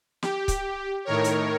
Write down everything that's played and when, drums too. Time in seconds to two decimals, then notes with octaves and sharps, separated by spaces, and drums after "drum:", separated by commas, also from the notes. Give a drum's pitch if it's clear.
0.23 G4, drum: snare
0.48 drum: kick C#1, hi-hat
1.05 A2 D#3 A#4 C#5
1.24 drum: hi-hat